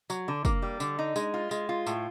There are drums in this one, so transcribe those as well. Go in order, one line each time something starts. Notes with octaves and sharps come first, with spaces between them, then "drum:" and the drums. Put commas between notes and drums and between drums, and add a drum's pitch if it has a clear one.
F#3, drum: tambourine
D3
A#3, drum: kick, tambourine
G3
D3, drum: tambourine
D#4
G#3, drum: tambourine
F4
G#3, drum: tambourine
F4
A2, drum: tambourine